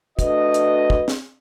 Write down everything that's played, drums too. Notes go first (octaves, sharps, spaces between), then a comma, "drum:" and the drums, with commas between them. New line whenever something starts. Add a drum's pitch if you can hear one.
A3 D4 F#4 B4 D#5, drum: kick, hi-hat
drum: hi-hat
drum: kick
drum: snare